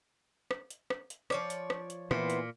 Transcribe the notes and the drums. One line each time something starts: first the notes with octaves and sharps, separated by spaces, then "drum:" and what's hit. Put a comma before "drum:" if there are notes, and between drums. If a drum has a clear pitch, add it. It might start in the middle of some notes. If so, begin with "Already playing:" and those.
drum: rim click
drum: hi-hat
drum: rim click
drum: hi-hat
F3 C#5 D5, drum: rim click
drum: hi-hat
drum: rim click
drum: hi-hat
A#2 E3 B3 C5, drum: rim click
drum: hi-hat